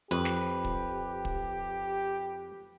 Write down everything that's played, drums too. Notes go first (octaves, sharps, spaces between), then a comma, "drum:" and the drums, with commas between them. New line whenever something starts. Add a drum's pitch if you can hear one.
F2 G4 B4, drum: hi-hat
drum: snare
drum: kick
drum: kick